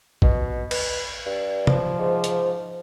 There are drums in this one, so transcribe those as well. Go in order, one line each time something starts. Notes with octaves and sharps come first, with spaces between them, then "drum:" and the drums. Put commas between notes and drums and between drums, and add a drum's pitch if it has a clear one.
B2, drum: kick A#1
B4, drum: cymbal
G2
F3, drum: tom
G#2
drum: hi-hat